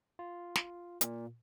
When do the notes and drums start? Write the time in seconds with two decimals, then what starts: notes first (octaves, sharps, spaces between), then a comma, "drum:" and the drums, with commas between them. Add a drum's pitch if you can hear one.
0.19 F4
0.56 drum: snare
1.01 A#2, drum: hi-hat